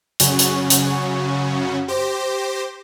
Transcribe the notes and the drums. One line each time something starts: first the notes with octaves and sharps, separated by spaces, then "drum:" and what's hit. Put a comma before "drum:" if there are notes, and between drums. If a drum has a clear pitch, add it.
F#2 C#3 C#4 F#4, drum: hi-hat
drum: hi-hat
drum: hi-hat
G4 C5 D6 A#6